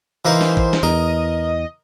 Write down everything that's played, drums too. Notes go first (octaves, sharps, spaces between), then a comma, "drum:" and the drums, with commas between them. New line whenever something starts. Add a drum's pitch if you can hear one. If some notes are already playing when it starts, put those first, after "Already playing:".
E3 A#3 D#4 C5
drum: snare
drum: kick A1
drum: snare
E2 A#4 D#5